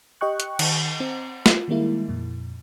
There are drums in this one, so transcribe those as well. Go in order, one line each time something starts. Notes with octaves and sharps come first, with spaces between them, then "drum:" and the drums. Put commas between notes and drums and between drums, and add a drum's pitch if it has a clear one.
G4 D#5 G5 C#6 F#6
drum: hi-hat
D#3, drum: cymbal
C4
F4, drum: snare
D#3 G3 G#3 A#3 E4
F2 A#2